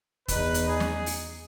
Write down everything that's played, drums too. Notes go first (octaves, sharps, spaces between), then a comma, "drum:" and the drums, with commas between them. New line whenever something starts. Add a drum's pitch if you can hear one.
E2 D#4 B4, drum: kick, hi-hat
drum: hi-hat
G#4
drum: snare
drum: open hi-hat